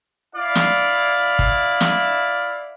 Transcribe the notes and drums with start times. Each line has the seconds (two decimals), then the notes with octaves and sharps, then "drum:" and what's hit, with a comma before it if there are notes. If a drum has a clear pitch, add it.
0.35 E4 D5 F5
0.55 drum: snare
1.39 drum: kick
1.81 drum: snare